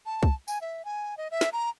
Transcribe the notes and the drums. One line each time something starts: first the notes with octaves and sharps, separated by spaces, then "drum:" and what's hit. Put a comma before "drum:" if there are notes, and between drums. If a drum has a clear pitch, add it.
A5
drum: kick C2
G#5, drum: tambourine
E5
G#5
D#5
E5
drum: snare
A#5